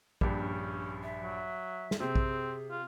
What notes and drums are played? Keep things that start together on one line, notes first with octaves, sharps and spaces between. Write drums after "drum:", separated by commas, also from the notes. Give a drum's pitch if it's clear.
A#1 G2, drum: kick A#1
C#4
E5
F#3
drum: snare
C3 C4 G#4
drum: kick A#1
F4